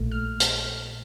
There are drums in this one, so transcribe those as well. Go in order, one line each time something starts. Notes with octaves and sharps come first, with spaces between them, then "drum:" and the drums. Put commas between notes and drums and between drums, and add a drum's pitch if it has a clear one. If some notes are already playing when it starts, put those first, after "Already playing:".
Already playing: A#1 A#2 A3
F6
drum: hi-hat